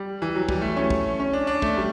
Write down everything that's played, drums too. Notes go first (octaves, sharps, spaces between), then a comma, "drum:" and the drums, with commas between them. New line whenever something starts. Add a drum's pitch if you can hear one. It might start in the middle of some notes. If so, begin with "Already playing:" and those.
Already playing: G3
E3
F#3
G3, drum: kick
A3
C#4
drum: kick
C#4
D4
D4
A3, drum: kick
G3